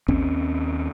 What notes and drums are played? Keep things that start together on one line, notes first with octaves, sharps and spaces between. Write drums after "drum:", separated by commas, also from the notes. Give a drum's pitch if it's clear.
D#2 C4 C#4, drum: kick A1